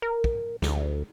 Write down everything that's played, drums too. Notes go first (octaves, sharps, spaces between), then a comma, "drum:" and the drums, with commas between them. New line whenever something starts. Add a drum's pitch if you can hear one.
A#4
drum: kick
D2, drum: snare